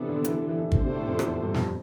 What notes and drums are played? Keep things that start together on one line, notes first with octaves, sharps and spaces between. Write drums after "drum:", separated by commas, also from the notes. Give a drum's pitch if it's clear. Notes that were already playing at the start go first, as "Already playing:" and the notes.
Already playing: C3 E3 B3 D4 A4
D3
E3, drum: hi-hat
E3
E3
E3
D3 A3 D4 A4 C5, drum: kick
C3
A2
F2
E2, drum: rim click
G2
F2, drum: snare